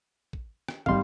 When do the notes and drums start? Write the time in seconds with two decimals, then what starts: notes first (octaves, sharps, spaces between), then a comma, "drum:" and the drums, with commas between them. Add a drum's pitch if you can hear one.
0.33 drum: kick
0.68 drum: rim click
0.86 G#1 G3 F5 C6, drum: kick